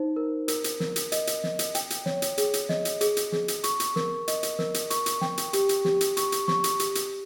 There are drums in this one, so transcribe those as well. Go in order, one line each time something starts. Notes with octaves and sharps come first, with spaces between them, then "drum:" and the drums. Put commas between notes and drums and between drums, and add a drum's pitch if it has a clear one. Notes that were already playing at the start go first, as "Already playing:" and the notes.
Already playing: D#4 C5
A#4
A#4, drum: hi-hat
drum: hi-hat
A#4, drum: snare
drum: hi-hat
D#5, drum: hi-hat
drum: hi-hat
D#5, drum: snare
drum: hi-hat
G5, drum: hi-hat
drum: hi-hat
C#5, drum: snare
drum: hi-hat
G#4, drum: hi-hat
drum: hi-hat
D#5, drum: snare
drum: hi-hat
G#4, drum: hi-hat
drum: hi-hat
G#4, drum: snare
drum: hi-hat
C#6, drum: hi-hat
drum: hi-hat
A#4, drum: snare
D#5, drum: hi-hat
drum: hi-hat
A#4, drum: snare
drum: hi-hat
C#6, drum: hi-hat
drum: hi-hat
G5, drum: snare
drum: hi-hat
G4, drum: hi-hat
drum: hi-hat
G4, drum: snare
drum: hi-hat
C#6, drum: hi-hat
drum: hi-hat
C#6, drum: snare
drum: hi-hat
G4, drum: hi-hat
drum: hi-hat